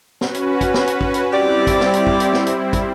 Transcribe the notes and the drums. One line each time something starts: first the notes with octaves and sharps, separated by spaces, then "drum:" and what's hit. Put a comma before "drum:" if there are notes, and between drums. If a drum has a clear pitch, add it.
C#4 F#4 B4, drum: snare
drum: hi-hat
drum: kick, hi-hat
drum: snare
drum: hi-hat
drum: kick
drum: hi-hat
G3 C4 E4 G4 D5
drum: kick, hi-hat
drum: snare
drum: hi-hat
drum: kick
drum: hi-hat
drum: snare
drum: hi-hat
drum: kick, hi-hat